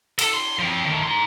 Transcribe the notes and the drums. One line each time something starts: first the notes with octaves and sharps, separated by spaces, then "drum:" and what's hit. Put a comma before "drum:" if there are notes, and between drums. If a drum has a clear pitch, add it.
A4, drum: cymbal
C6
F3 C4
D#3 A3
D#4 C6